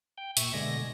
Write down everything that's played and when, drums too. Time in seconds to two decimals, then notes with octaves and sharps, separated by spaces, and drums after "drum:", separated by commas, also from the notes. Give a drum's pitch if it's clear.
0.18 G5
0.37 A#2 E5 C#6, drum: hi-hat
0.54 B2 D3 G#3 A#6